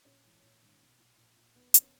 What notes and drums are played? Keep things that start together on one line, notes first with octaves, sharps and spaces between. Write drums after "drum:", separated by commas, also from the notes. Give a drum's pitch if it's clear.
A#1 C#4
G#2 E3
A#1
G#2 D#3
B1
A#2
A#1
A#2
D#2 B3
D#3, drum: hi-hat
C#4